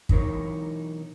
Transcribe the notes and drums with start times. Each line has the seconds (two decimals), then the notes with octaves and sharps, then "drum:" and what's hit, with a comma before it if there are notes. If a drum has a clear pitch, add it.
0.09 B1 E3 D#4 A#4 C#5, drum: kick